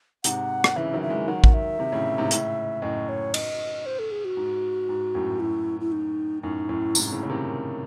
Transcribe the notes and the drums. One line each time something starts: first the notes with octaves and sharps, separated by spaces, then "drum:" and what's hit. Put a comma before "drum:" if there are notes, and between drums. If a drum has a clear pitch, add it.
G#2 C3 F#5, drum: hi-hat
drum: rim click
C#3 E3 E5
D#3 F#3
E5
E3 G#3
D#3 F#3 F#5
drum: kick A1
E5
C3 D#3
A2 C#3
G#2 C3
A2 C#3, drum: hi-hat
F#2 A2 D#5
C#5
D#5, drum: cymbal
C5
A4
G#4
F#4
G#2
G#2
F#2 A2
E4
E4
D#4
F#2 A2 D#4
F#2 A2 E4
G#2 C3, drum: tambourine
A2 C#3
C#3
C3 D#3